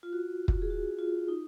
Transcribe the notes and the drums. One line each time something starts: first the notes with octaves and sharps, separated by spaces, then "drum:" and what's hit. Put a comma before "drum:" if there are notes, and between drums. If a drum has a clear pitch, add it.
F4
F#4
drum: kick
G#4
F#4
F4
D#4